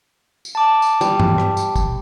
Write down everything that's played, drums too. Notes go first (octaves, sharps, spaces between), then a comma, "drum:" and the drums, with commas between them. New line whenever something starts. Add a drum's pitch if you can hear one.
drum: tambourine
A5 D6
drum: tambourine
G3, drum: tambourine
drum: tom
drum: rim click
drum: tambourine
drum: kick, tambourine